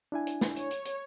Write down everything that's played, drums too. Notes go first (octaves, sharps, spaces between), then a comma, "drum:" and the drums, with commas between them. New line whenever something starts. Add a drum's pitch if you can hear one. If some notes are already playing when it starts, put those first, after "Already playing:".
D4 E4 G#5
drum: hi-hat
drum: snare
C#5, drum: hi-hat
drum: hi-hat
drum: hi-hat